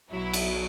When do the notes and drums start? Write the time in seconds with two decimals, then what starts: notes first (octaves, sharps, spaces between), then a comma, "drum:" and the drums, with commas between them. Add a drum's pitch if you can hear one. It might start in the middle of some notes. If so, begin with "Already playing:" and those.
0.11 B1 B2 F#3 E4
0.33 drum: cymbal